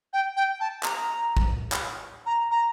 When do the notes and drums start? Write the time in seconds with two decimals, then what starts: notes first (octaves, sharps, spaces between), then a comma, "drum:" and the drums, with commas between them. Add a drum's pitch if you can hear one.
0.13 G5
0.36 G5
0.60 A5
0.83 A#5, drum: clap
1.37 drum: kick
1.72 drum: clap
2.25 A#5
2.50 A#5